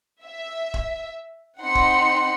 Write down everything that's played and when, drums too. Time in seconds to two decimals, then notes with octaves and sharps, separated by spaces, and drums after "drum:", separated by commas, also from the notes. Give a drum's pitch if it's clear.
0.23 E5
0.74 drum: kick
1.60 C4 D#4 F#5 B5 C6 C#7
1.75 drum: kick